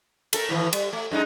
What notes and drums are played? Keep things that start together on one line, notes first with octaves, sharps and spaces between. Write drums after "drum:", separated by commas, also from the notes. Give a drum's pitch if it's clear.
A3 A4 A#4, drum: cymbal
A2 D#3 E3
G3, drum: cymbal
A3
F#2 G#3 D#4